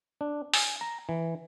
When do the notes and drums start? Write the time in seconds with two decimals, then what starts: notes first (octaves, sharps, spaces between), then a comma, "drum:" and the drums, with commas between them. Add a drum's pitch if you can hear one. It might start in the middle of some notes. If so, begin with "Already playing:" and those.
0.21 D4
0.54 G#5, drum: open hi-hat
0.81 A#5
1.09 E3